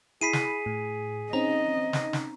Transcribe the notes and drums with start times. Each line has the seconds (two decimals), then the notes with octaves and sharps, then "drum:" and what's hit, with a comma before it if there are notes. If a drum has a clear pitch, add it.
0.21 E4 G#4 B5 B6 C7 D#7
0.33 drum: snare
0.66 A2
1.33 C4 C#4 D#4 D#5 A#5
1.93 drum: snare
2.13 drum: snare